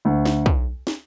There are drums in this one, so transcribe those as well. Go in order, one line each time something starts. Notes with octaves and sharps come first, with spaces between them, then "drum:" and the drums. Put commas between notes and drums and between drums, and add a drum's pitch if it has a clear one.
D2
drum: snare
drum: kick
drum: snare